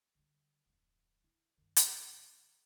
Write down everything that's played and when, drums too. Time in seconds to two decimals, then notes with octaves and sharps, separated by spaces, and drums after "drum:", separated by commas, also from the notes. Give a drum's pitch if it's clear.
0.15 D3 G3
0.66 D1 F2
1.24 E4
1.58 G2 D#3
1.76 drum: hi-hat